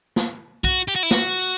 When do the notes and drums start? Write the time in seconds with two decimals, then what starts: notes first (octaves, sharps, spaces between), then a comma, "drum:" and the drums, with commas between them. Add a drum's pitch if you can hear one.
0.16 drum: snare
0.64 F#4, drum: kick
0.88 G4
0.95 F#4
1.03 E4
1.11 F#4, drum: snare